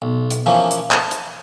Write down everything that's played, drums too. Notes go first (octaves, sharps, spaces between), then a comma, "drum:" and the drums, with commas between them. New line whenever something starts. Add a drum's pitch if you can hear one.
B1
drum: hi-hat
E3 F3 A#3 C#4
drum: hi-hat
A5, drum: clap
drum: hi-hat